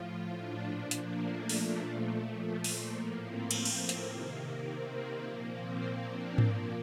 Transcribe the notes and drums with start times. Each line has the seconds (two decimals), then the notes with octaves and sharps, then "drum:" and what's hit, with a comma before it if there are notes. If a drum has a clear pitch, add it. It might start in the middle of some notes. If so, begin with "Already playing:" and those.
Already playing: A2 F3 F4
0.34 D4
0.63 A#2 F3
0.91 A#3, drum: hi-hat
1.20 A3
1.49 A3, drum: open hi-hat
1.77 A#2 F3
2.64 A#3, drum: open hi-hat
2.93 A2 F3
3.22 C4
3.51 A#3, drum: cymbal
3.65 drum: cymbal
3.80 A#3
3.89 drum: hi-hat
4.08 C3 D#3
4.66 C4
4.94 A#3
5.23 A#2 F3
5.52 C4
6.09 D4
6.38 A#2 F3 A#3, drum: tom G#2